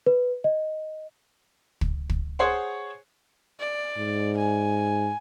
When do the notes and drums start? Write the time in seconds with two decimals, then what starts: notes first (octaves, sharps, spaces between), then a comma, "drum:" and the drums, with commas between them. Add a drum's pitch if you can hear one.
0.06 B4
0.44 D#5
1.81 drum: kick
2.09 drum: kick
2.39 G#4 C5 C#5 F#5 C6
3.60 D5
3.98 G#2
4.37 G#5